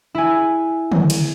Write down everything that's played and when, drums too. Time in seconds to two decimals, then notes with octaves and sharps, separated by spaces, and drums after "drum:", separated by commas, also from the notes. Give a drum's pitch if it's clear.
0.15 E4 G#5
0.92 drum: tom
1.10 drum: cymbal